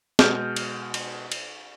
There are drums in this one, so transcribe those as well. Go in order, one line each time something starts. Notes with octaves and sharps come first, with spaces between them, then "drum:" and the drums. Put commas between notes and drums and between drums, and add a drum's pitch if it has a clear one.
B2 G#3 F6 G6, drum: snare
drum: cymbal
drum: cymbal
drum: cymbal